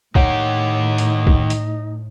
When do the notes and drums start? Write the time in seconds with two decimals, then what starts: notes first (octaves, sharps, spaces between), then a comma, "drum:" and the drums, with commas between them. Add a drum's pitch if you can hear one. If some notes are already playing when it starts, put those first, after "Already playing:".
0.15 A2 D#3 D#4 G4 C#5 F#5, drum: kick
0.98 drum: hi-hat
1.27 drum: kick
1.50 drum: hi-hat